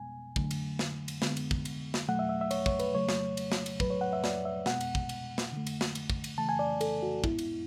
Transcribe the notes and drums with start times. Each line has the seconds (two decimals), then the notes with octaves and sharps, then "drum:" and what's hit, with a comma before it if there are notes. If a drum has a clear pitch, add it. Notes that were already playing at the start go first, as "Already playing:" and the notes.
Already playing: B2 G#3 B3 G#5
0.36 D3 F#3 A3, drum: kick
0.51 drum: cymbal
0.79 drum: snare
1.08 drum: cymbal
1.22 D3 G#3 B3, drum: snare
1.37 drum: cymbal
1.51 drum: kick
1.65 drum: cymbal
1.94 drum: snare
2.08 B2 F#3 A3 F#5
2.19 E5
2.29 E5
2.41 E5
2.51 C#5, drum: cymbal
2.66 C#5, drum: kick
2.79 B4, drum: cymbal
2.94 C#3 F#3 A3 C#5
3.09 drum: snare
3.37 drum: cymbal
3.52 drum: snare
3.66 drum: cymbal
3.80 A2 F#3 A3 B4, drum: kick
3.90 C#5
4.01 F#5
4.13 E5
4.24 D5, drum: snare
4.45 E5
4.66 B2 G#3 B3 F#5, drum: snare
4.81 drum: cymbal
4.95 drum: kick
5.09 drum: cymbal
5.38 drum: snare
5.52 D3 A3
5.67 drum: cymbal
5.81 drum: snare
5.95 drum: cymbal
6.10 drum: kick
6.24 drum: cymbal
6.38 C#3 E3 A3 A5
6.49 G#5
6.59 D5
6.81 A4, drum: cymbal
7.03 F#4
7.24 A2 G#3 B3 E4, drum: kick
7.39 drum: cymbal